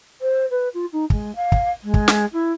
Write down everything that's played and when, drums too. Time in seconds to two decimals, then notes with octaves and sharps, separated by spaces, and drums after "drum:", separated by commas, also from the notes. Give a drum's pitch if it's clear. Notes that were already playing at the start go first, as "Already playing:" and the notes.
0.21 C5
0.50 B4
0.74 F4
0.92 D#4
1.10 G#3, drum: kick
1.35 F5
1.52 drum: kick
1.83 G#3
1.94 drum: kick
2.08 drum: snare
2.33 E4